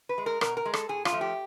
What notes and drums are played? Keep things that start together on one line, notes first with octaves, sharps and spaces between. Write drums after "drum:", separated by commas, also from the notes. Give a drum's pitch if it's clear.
B4
G#3
A#4
B2 A#4, drum: rim click
A#4
G#3
A4, drum: rim click
A2 G#4
F4, drum: rim click
F3 A3
G4